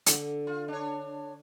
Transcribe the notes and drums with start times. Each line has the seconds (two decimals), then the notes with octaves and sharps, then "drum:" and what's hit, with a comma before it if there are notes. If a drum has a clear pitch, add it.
0.06 D3, drum: hi-hat
0.47 F4
0.68 D4 C#5